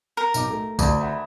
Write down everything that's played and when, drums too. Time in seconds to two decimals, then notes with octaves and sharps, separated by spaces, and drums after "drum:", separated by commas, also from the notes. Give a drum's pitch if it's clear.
0.17 A#4
0.34 B1 D#4 D6, drum: tambourine
0.50 A3
0.79 D2, drum: kick, tambourine
1.01 E5 F#5 B5